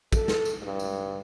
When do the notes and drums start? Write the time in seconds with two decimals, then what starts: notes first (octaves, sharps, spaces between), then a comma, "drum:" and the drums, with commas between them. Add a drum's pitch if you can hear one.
0.12 A4, drum: kick, tambourine
0.28 drum: snare
0.45 drum: tambourine
0.62 G2
0.79 drum: tambourine